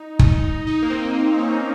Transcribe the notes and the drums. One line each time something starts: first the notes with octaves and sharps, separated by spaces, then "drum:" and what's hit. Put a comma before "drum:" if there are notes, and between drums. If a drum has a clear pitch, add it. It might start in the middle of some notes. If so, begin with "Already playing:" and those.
Already playing: D#4
D#4, drum: kick
D#4
A#3
C4
C#4